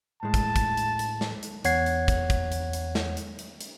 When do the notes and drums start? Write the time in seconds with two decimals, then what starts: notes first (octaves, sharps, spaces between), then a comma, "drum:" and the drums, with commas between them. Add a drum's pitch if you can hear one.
0.23 A2 G#3 A5
0.34 drum: kick, hi-hat
0.56 drum: kick, hi-hat
0.77 drum: hi-hat
0.99 drum: hi-hat
1.21 drum: snare
1.43 drum: hi-hat
1.65 E2 C#5 F#5 G#6 C7, drum: hi-hat
1.86 drum: hi-hat
2.08 drum: kick, hi-hat
2.30 drum: kick, hi-hat
2.52 drum: hi-hat
2.73 drum: hi-hat
2.95 drum: snare
3.17 drum: hi-hat
3.39 drum: hi-hat
3.61 drum: hi-hat